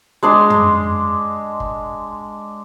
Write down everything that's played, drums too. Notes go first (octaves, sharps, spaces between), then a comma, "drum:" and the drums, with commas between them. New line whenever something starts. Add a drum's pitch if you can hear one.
G#3 D4 C6
drum: tom
drum: kick G1